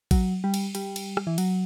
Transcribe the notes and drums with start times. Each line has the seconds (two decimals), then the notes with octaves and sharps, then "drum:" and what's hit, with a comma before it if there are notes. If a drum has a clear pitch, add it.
0.11 F#3, drum: kick A1, cymbal
0.44 G3
0.54 drum: cymbal
0.75 G3, drum: cymbal
0.96 drum: cymbal
1.17 drum: rim click
1.27 E3
1.38 F#3, drum: cymbal